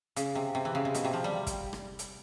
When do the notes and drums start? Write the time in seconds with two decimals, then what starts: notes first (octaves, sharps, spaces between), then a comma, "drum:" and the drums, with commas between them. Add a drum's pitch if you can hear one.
0.16 C#3, drum: hi-hat
0.35 C3
0.55 C3
0.65 E3
0.75 C#3
0.85 C3
0.94 B2, drum: hi-hat
1.05 C3
1.13 F3
1.24 G3
1.47 drum: kick, hi-hat
1.73 drum: rim click
1.99 drum: hi-hat